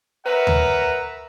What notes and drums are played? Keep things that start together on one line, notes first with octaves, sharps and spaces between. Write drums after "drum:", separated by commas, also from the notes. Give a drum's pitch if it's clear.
A#4 B4 C#5 E5 F#5 A#5
drum: tom D2